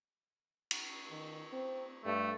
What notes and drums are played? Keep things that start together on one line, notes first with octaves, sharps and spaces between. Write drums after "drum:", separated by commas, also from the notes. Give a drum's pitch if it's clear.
drum: cymbal
D#3
C4
G2 A3